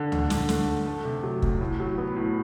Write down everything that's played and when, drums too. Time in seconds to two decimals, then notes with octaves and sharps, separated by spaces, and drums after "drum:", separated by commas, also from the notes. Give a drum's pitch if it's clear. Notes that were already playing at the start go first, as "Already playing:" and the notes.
Already playing: D3
0.12 D2, drum: tom D2
0.30 D3, drum: snare
0.49 A3, drum: snare
0.67 D2
0.86 A3
1.05 C3
1.23 F#3
1.42 D2, drum: kick
1.61 A2
1.80 F#3
1.98 B3
2.16 A2